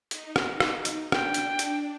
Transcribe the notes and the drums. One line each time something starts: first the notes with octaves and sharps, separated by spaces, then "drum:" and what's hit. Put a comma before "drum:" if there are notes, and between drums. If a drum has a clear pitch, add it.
D#4, drum: hi-hat
drum: rim click
drum: rim click
drum: hi-hat
D4 G5, drum: rim click
drum: hi-hat
drum: hi-hat